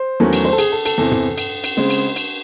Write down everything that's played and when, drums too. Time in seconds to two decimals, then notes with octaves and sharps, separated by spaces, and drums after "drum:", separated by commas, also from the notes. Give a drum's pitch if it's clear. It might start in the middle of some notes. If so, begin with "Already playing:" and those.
Already playing: C5
0.20 E2 D#3 F#3 A3 C#4
0.33 drum: cymbal
0.45 C5
0.52 A4
0.58 G#4, drum: cymbal
0.72 A4
0.85 A4, drum: cymbal
0.98 E2 C3 E3 C4 A4
1.11 drum: tom
1.38 drum: cymbal
1.64 drum: cymbal
1.77 C#3 G#3 C4
1.90 drum: cymbal
2.16 drum: cymbal